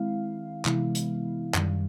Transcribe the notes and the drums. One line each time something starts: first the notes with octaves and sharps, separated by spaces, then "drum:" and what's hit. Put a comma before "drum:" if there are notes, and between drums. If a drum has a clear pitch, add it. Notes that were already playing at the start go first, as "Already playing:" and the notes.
Already playing: D#3 G#3 C4 E4 F5
C3 E3 G#3 B3 E4, drum: clap
drum: hi-hat
F#2 D#3 G3, drum: clap